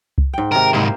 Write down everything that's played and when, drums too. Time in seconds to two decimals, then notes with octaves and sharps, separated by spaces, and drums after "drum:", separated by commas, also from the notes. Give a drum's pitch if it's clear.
0.18 drum: kick C2
0.33 G#2 G5
0.52 C3 D#3 A#4
0.73 C2 G#2 A#3 E4 C5